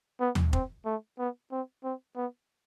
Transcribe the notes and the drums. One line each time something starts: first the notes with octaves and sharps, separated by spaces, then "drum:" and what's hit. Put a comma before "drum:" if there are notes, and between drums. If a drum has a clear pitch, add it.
B3
drum: tom D#2
C4, drum: kick
A3
B3
C4
C4
B3